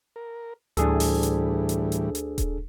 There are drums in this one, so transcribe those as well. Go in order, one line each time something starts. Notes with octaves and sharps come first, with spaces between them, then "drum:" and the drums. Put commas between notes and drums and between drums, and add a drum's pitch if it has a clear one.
A#4
D2 A2 E3 G3 D4 G#4 A4, drum: hi-hat
drum: open hi-hat
drum: hi-hat
drum: hi-hat
drum: hi-hat
drum: hi-hat
drum: kick D#1, hi-hat